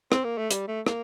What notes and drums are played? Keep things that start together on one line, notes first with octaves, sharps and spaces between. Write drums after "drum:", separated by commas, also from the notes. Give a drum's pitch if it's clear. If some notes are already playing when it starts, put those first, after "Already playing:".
C4, drum: rim click
A#3
A3
G3, drum: hi-hat
A3
A#3, drum: rim click